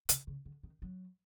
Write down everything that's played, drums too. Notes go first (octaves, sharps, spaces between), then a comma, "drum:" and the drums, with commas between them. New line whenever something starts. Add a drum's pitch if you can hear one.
C3, drum: hi-hat
C#3
D3
D#3
F#3